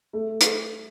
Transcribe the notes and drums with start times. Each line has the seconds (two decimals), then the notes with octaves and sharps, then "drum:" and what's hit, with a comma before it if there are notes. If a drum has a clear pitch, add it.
0.13 A3
0.41 drum: hi-hat